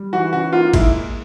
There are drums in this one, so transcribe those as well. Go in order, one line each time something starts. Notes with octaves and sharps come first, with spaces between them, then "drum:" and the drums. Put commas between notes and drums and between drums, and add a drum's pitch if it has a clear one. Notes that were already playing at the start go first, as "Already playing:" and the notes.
Already playing: G3
E3 F#4
C#3 F#4
A#3 F4
G#3 E4, drum: kick, cymbal